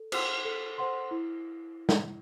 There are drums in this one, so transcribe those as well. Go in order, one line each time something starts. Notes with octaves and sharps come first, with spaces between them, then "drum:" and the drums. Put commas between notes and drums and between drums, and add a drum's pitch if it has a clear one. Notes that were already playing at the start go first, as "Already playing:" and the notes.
Already playing: A4
C5 F#5 C6, drum: cymbal
A4
C5 F#5 C6
E4
drum: snare